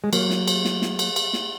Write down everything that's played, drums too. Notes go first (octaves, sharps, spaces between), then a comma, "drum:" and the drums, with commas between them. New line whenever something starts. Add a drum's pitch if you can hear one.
G#3
F#3 A#3, drum: cymbal
drum: snare
drum: cymbal
drum: snare
drum: snare
drum: cymbal
drum: cymbal
drum: snare